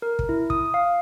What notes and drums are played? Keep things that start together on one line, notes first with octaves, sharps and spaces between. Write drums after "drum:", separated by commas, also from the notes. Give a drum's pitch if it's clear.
A#4
drum: kick
E4
D#6, drum: kick
F5